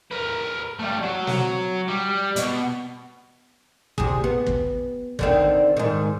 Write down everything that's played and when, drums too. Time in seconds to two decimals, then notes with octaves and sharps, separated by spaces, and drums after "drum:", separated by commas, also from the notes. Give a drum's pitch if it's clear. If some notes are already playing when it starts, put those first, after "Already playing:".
0.11 A#4 B4
0.80 G3 A3
1.03 F#3 F#4
1.27 drum: snare
1.88 G3
2.36 B2, drum: hi-hat
3.98 C3 G#4, drum: kick
4.24 B3
4.46 drum: kick
5.19 D3 D#3 C4, drum: kick
5.77 G#2 D#3